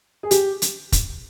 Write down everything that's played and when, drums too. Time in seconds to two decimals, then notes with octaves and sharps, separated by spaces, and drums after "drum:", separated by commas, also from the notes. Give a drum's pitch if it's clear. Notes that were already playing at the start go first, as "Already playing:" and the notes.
0.23 G#4
0.31 G4, drum: hi-hat
0.62 drum: hi-hat
0.92 drum: kick, hi-hat